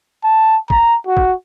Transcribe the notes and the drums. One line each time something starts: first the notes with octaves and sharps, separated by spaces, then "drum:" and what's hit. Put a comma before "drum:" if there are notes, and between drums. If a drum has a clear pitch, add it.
A5
A#5, drum: kick
F#4
drum: kick